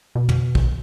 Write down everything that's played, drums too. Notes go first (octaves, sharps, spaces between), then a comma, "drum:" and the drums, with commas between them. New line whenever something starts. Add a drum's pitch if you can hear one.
B2
drum: tom
drum: kick